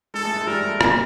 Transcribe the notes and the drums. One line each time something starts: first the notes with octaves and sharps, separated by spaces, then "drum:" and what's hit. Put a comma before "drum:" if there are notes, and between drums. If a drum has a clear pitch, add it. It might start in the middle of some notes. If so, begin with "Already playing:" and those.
G#3 A4
A3
G#3
G3 A#4
A3
A#3, drum: rim click